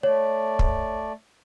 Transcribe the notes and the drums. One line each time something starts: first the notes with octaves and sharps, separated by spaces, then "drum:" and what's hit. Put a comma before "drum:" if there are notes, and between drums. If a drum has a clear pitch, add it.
A3 C#5 D5
drum: kick